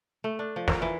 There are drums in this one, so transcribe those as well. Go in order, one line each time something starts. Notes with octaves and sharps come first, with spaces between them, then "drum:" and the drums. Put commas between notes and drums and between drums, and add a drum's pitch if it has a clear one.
A3
D4
F3
A#4, drum: snare
E3